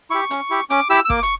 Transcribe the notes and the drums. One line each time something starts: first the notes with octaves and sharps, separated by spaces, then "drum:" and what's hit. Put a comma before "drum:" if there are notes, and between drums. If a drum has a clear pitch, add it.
E4 G4 C#6
C#4, drum: hi-hat
E4 G4
C#4 D6, drum: hi-hat
E4 G4 E6
E6
A#3 D6, drum: kick
C#6, drum: hi-hat